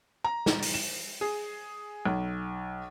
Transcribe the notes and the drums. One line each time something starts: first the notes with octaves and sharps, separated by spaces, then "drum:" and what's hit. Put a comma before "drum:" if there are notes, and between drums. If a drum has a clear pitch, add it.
A#5
drum: snare
drum: open hi-hat
E7
G#4
B1